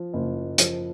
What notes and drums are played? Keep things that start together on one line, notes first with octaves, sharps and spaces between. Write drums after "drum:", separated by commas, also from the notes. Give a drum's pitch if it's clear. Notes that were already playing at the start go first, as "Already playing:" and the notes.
Already playing: F3
F#1
F3, drum: hi-hat